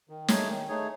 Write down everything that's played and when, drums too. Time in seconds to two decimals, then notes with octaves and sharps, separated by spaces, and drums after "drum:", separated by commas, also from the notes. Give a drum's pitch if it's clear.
0.09 D#3
0.28 A3 D#4 G#4 C#5, drum: snare
0.48 D#3
0.68 A3 D#4 G#4 C#5